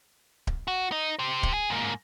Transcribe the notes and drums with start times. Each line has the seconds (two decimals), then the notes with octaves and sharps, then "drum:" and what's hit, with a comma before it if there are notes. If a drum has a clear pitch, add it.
0.47 drum: kick D1
0.68 F#4
0.92 D#4
1.19 G4 C5
1.43 drum: kick D1
1.54 G#4
1.70 G#2 A#3